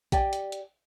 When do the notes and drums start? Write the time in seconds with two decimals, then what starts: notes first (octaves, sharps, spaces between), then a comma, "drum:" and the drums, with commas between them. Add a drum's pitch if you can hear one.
0.12 G4 D5 G#5, drum: kick A#1, hi-hat
0.33 drum: hi-hat
0.52 drum: hi-hat